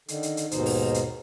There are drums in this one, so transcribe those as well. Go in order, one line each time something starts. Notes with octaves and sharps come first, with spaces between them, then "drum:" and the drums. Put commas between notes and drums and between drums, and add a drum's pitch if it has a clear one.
D3 D#3, drum: hi-hat
drum: hi-hat
drum: hi-hat
D#2 G#2 B2 D#3 D#4 C5, drum: hi-hat
drum: open hi-hat
drum: hi-hat